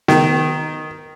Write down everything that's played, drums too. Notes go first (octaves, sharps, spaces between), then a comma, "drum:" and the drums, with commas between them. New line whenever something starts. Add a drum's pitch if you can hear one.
D#3, drum: snare B3